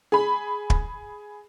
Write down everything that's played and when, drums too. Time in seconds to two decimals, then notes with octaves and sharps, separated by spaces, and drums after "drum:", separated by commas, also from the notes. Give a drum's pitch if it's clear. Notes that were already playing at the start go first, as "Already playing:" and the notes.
0.12 G#4 B5
0.70 drum: kick